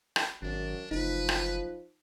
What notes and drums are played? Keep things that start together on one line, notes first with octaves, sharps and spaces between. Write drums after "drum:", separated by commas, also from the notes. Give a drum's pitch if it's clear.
drum: rim click
G#1 F#2 D4
F#1 F3 D#4 B4
drum: rim click